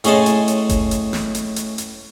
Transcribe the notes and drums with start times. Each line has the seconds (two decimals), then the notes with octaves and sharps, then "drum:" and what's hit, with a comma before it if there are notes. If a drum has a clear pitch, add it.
0.04 A2 C#4 G#4 D#5 A5 C6, drum: hi-hat
0.26 drum: hi-hat
0.48 drum: hi-hat
0.69 drum: kick G1, hi-hat
0.91 drum: hi-hat
1.13 drum: snare
1.35 drum: hi-hat
1.56 drum: hi-hat
1.78 drum: hi-hat